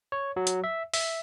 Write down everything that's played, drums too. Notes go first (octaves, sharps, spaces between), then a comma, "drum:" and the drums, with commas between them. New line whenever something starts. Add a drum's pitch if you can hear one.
C#5
F#3
drum: hi-hat
E5
E5, drum: open hi-hat